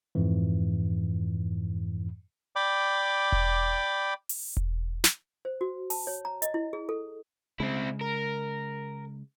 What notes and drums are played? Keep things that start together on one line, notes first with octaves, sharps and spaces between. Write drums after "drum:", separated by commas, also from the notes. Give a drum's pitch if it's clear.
F2 G#2 E3
D5 G5 B5 D6
drum: kick E1
drum: open hi-hat
drum: kick E1
drum: snare
C5
F#4
A5, drum: open hi-hat
C#5
A#5
D#5, drum: hi-hat
E4
G#4
A4
C#3 G#3 C4 E4
A#4